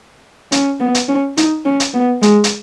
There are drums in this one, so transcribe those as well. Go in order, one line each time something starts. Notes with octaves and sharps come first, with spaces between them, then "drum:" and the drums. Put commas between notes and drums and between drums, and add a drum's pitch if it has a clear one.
C#4, drum: hi-hat
B3
drum: hi-hat
C#4
D#4, drum: hi-hat
C#4
drum: hi-hat
B3
G#3, drum: hi-hat
drum: hi-hat